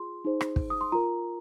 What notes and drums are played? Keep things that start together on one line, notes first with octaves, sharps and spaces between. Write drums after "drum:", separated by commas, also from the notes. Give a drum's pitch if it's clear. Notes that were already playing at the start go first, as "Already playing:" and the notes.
Already playing: F4 G#4 C6
D#4 G#4 C5
drum: rim click
drum: kick
D#6
C6
F4 A#4 A#5